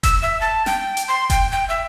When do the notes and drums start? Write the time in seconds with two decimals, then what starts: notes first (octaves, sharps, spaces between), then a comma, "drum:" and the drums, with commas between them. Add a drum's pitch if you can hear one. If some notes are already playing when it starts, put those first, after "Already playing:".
0.03 E6, drum: kick F1, hi-hat
0.22 E5
0.41 A5
0.66 G5, drum: snare
0.97 drum: hi-hat
1.08 C6
1.30 G5, drum: kick F1, hi-hat
1.52 G5
1.69 E5